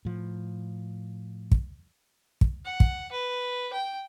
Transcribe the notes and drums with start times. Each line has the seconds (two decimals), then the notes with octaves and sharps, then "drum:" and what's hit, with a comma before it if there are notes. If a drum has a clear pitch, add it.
0.05 A2 F3
1.52 drum: kick
2.41 drum: kick
2.65 F#5
2.80 drum: kick
3.12 B4
3.73 G5